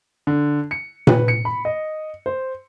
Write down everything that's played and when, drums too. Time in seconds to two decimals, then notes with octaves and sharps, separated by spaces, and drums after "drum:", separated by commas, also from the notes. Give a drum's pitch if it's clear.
0.27 D3
0.71 C#7
1.07 B4, drum: tom A#2
1.28 C#7
1.45 B5
1.65 D#5
2.26 C5